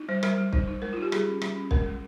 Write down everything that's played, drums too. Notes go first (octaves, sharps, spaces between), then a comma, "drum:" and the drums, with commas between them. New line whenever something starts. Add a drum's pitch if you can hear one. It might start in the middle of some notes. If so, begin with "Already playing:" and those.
Already playing: D#4
G3 C5
G3 A#4, drum: rim click
G3
D#4 C5, drum: kick
D#4
G#3 A#4
F4
D#4
G4
G3 G#4, drum: rim click
C#4
G3, drum: rim click
C#4
G#3 A#4, drum: kick
G#3